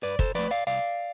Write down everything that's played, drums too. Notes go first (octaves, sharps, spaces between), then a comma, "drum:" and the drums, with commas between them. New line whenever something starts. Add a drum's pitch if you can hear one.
G2 B4 D5
A4 C5, drum: kick
F3 A3 B4 D5
D5 F5
C2 D5 F5